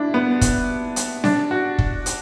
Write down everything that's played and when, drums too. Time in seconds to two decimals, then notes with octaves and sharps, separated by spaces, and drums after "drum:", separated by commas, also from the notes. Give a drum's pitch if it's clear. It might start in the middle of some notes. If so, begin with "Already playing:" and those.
Already playing: D4 E4
0.14 B3
0.41 drum: kick, hi-hat
0.96 drum: hi-hat
1.24 D4, drum: snare C4
1.51 F#4
1.78 drum: kick
2.06 drum: hi-hat